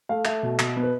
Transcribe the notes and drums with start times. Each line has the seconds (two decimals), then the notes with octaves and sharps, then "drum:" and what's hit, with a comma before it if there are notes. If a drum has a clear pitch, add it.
0.09 A3 F5
0.25 A3 E5, drum: clap
0.43 B2
0.59 B2, drum: clap
0.76 B3
0.83 B4